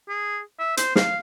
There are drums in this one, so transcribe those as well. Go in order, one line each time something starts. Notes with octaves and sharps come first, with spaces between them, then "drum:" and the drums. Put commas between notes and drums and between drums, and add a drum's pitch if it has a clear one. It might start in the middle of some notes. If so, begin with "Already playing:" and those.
G#4
E5
C5, drum: hi-hat
F5, drum: snare